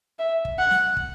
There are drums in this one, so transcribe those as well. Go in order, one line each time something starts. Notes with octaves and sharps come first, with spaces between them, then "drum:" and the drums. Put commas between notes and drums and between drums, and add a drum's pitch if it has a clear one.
E5
drum: kick
F#5
drum: snare
drum: kick